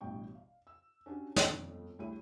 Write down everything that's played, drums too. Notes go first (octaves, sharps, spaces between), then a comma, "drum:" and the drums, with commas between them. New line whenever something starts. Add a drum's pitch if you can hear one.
A1 G2 B2 G5 C#6
F5
E6
C#4 D4 F#4 G4
G1 F2, drum: snare
D2 G3 E4 G#4 C#5 D#7